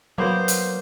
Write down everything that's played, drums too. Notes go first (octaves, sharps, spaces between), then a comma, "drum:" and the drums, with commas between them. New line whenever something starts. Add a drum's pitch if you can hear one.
F#3 A#3 B3 A#4 C5
drum: hi-hat